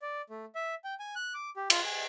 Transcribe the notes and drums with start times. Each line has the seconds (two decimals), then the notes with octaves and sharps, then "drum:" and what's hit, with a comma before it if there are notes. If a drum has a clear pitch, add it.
0.02 D5
0.30 A3
0.55 E5
0.84 G5
1.00 G#5
1.15 F#6
1.34 D6
1.56 G4
1.70 F4, drum: cymbal
1.86 G#5